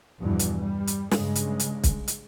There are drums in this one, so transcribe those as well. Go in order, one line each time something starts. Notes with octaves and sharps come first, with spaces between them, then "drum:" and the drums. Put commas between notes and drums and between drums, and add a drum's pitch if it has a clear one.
E2 G2 B2 E3 F3
drum: hi-hat
G3
drum: hi-hat
G2 C#3 G#3, drum: snare
drum: hi-hat
drum: hi-hat
drum: kick, hi-hat
drum: hi-hat